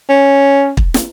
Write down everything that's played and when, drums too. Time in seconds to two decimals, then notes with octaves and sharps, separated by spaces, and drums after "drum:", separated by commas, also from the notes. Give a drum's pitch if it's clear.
0.09 C#4
0.77 drum: kick
0.94 drum: snare